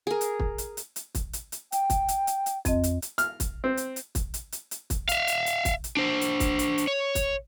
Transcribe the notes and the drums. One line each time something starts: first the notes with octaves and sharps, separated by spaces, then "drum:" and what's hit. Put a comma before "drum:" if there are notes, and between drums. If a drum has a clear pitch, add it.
G#4 A#4
drum: hi-hat
drum: kick
drum: hi-hat
drum: hi-hat
drum: hi-hat
drum: kick, hi-hat
drum: hi-hat
drum: hi-hat
G5, drum: hi-hat
drum: kick, hi-hat
drum: hi-hat
drum: hi-hat
drum: hi-hat
F2 C4 D#5, drum: kick, hi-hat
drum: hi-hat
drum: hi-hat
F6, drum: hi-hat
drum: kick, hi-hat
C4
drum: hi-hat
drum: hi-hat
drum: kick, hi-hat
drum: hi-hat
drum: hi-hat
drum: hi-hat
drum: kick, hi-hat
E5 F5, drum: hi-hat
drum: hi-hat
drum: hi-hat
drum: kick, hi-hat
drum: hi-hat
D4 C5
drum: hi-hat
drum: kick, hi-hat
drum: hi-hat
drum: hi-hat
C#5
drum: kick, hi-hat